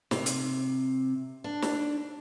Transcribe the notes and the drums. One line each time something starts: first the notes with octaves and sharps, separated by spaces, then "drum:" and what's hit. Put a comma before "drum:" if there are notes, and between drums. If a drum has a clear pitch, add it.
C3, drum: snare
drum: hi-hat
D4
drum: snare